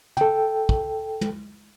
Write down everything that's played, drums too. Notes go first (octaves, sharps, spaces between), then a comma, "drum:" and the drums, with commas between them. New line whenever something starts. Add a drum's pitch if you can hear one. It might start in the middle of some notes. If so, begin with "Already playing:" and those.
A4 G5, drum: tom
drum: kick
drum: tom